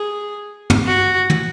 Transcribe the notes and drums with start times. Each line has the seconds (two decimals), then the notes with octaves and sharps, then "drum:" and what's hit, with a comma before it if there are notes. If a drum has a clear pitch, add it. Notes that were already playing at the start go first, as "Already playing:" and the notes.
Already playing: G#4
0.70 drum: tom
0.86 F#4
1.30 drum: tom